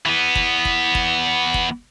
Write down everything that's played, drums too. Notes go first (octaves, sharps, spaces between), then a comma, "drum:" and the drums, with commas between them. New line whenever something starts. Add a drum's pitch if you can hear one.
E3 B3
drum: kick
drum: kick
drum: kick
drum: kick